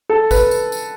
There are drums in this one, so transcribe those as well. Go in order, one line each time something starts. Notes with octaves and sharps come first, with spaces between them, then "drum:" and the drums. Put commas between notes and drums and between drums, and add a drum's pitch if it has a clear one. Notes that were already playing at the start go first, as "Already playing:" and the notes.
A4
B4, drum: kick A1, tambourine
drum: tambourine
drum: tambourine